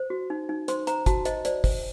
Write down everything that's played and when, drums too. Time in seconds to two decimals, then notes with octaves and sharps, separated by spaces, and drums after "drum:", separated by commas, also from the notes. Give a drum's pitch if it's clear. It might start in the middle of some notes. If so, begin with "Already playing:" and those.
Already playing: C5
0.10 F#4
0.30 D#4
0.49 D#4
0.68 C5 C6, drum: hi-hat
0.87 C5 A#5, drum: hi-hat
1.06 F#4 A5, drum: kick, hi-hat
1.25 C5 D#5, drum: hi-hat
1.45 C5 D5, drum: hi-hat
1.64 C5, drum: kick, open hi-hat